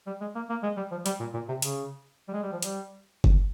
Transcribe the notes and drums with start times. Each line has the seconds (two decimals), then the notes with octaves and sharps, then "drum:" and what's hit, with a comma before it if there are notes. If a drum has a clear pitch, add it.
0.07 G3
0.21 G#3
0.35 A#3
0.50 A#3
0.63 G#3
0.77 G3
0.92 F3
1.06 G3, drum: hi-hat
1.20 A#2
1.34 A#2
1.49 C3
1.62 C#3, drum: hi-hat
2.28 G3
2.34 G#3
2.43 G3
2.52 F3
2.62 G3, drum: hi-hat
3.24 drum: kick G1